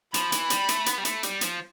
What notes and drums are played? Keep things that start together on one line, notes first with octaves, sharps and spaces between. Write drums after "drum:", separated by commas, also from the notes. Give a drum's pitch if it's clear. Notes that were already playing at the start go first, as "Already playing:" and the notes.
F3 B5, drum: hi-hat
E3, drum: hi-hat
G3, drum: hi-hat
A3, drum: hi-hat
B3, drum: hi-hat
G3
A3, drum: hi-hat
G3, drum: hi-hat
F3, drum: hi-hat